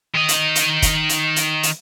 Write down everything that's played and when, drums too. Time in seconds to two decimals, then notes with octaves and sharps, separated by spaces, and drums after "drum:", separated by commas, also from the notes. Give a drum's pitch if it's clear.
0.15 D#3 D#5
0.28 drum: hi-hat
0.55 drum: hi-hat
0.82 drum: kick, hi-hat
1.09 drum: hi-hat
1.36 drum: hi-hat
1.63 drum: hi-hat